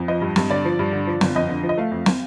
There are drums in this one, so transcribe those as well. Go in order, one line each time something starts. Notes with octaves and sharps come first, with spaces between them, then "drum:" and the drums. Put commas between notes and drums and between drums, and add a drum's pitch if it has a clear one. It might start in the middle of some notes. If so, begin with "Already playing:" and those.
Already playing: F2
F3 D#5
G2
G2, drum: snare
D3 D5
F3
G2
D3
F3
G1, drum: snare
F2 D#5
D3
F3
D#5
A3 F5
F2
drum: snare